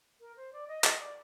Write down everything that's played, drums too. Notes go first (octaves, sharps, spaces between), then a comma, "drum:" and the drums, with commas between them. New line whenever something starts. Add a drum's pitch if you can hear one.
A#4
C5
D5
D#5
D#5, drum: clap
D5